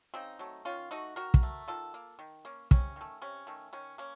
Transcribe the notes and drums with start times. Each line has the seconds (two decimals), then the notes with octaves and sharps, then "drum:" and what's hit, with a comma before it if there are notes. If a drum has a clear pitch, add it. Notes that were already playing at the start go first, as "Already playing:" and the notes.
0.14 C#3 C4 D#4
0.39 F#3 A3
0.65 D#3 C#4 F4
0.91 A3 D#4 F#4
1.16 D#3 F#4 A#4
1.34 drum: kick
1.43 A3
1.68 D#3 F4 A4
1.94 A#3
2.19 D#3
2.45 A#3 C#4
2.71 C3 C#4, drum: kick
2.96 D#3 A3
3.22 C3 C#4
3.47 D#3 A3
3.73 D#3 C#4
3.98 A#3 C#4